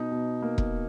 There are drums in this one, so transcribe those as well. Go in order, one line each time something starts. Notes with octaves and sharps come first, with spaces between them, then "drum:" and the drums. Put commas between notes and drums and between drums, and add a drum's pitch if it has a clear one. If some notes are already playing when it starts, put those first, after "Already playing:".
Already playing: B2 D#4
B2
A#3
drum: kick E1